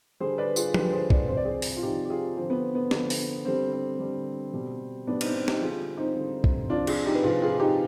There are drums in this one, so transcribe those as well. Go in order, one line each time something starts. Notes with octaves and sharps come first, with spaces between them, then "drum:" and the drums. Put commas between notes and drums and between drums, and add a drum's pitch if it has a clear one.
D3 G3 G#4 C5
B4 D5
F4 G#4, drum: tambourine
D3 G3 G4 B4, drum: tom F3
G#4 C5
B4 D5, drum: kick
C3 F3 C5
D5
G#4 C5
drum: open hi-hat
F4
C3 F3 D#4 G4
G4
F4 G#4
D3 F3 C4
B3
B3
D3 F3, drum: snare
drum: open hi-hat
D3 G3 C4
C4
D3 G3
B2 G3
B2 G3 B3 D4
C4 D#4, drum: cymbal
C4 D#4
D#4 G4, drum: snare
D3 G3 F4 G#4
C4 D#4
D3 G3
drum: kick
C3 F3 D4 F4
F4 G#4, drum: cymbal
D#4 G4
B4
C3 F3 F4 G#4
F4 G#4
D#4 G4